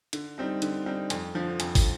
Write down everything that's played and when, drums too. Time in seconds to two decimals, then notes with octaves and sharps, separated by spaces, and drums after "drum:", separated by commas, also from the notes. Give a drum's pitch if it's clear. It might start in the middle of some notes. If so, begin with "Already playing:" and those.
0.13 D3, drum: hi-hat
0.38 G3 C4 D#4
0.62 D3, drum: hi-hat
0.86 G3 C4 D#4
1.10 F2, drum: hi-hat
1.35 D3 F3
1.60 F2, drum: hi-hat
1.75 drum: kick, open hi-hat